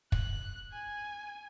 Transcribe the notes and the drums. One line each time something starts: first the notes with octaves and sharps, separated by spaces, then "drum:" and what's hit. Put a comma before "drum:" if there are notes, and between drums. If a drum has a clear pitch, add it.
F#6, drum: kick
G#5